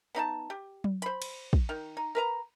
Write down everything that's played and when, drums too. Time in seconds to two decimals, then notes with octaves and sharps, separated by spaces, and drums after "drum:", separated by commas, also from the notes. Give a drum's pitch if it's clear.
0.15 B3 D#4 D5 A5
0.50 G4
0.84 drum: tom F#3
1.02 C5 B5, drum: hi-hat
1.22 drum: cymbal
1.53 drum: kick
1.69 D#3
1.97 D#4
2.15 A#4 B4 A#5